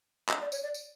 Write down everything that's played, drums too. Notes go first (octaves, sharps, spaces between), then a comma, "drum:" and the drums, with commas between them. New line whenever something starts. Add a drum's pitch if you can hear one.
D#5, drum: clap
D5
C#5, drum: tambourine
D5
drum: tambourine